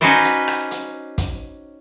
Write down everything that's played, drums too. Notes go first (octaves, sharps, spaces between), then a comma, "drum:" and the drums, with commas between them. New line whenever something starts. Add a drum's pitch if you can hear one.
C#4 D#4 F#4 B4 C5 D5
drum: hi-hat
drum: rim click
drum: hi-hat
drum: kick, hi-hat